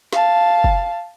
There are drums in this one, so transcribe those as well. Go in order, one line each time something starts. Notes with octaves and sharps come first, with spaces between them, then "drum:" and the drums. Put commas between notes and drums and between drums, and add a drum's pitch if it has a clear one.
F5 A5, drum: snare
drum: kick